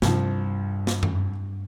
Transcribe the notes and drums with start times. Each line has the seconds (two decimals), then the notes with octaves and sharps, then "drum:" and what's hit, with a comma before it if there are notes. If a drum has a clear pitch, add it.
0.02 C2 G2 F3, drum: snare
0.87 drum: snare
1.03 drum: tom F#2